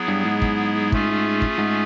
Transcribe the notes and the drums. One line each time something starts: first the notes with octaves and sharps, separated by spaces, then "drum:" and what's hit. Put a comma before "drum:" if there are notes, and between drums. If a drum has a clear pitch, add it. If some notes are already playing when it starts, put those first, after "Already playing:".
Already playing: F#3 B3 E4 G#4
G2
G#2
drum: kick
A3 C#4 F4 G#4, drum: kick
drum: kick
G#2